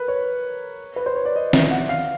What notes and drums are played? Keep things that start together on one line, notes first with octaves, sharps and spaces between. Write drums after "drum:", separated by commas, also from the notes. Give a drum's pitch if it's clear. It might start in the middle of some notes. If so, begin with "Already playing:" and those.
Already playing: A#4 B4
C#5
B4
C5
C#5
D5
D#5
E5, drum: snare
F#5
F5